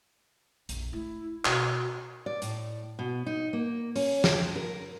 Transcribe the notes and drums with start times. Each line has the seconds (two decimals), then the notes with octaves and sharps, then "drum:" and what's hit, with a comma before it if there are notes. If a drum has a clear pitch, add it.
0.69 A#1 F2, drum: hi-hat
0.93 A3 E4
1.45 B2 F#4, drum: clap
2.26 D5
2.42 A2, drum: hi-hat
2.99 B2
3.26 D#4
3.53 A#3
3.96 C#4, drum: open hi-hat
4.24 F2, drum: snare
4.56 A#4